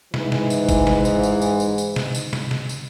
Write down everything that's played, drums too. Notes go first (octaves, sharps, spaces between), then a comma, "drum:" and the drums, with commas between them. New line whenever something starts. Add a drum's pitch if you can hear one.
G#2 E3, drum: snare
drum: snare
drum: tambourine
drum: kick, tambourine
drum: snare
drum: tambourine
drum: tambourine
drum: tambourine
drum: tambourine
drum: tambourine
drum: snare
drum: tambourine
drum: snare
drum: snare
drum: tambourine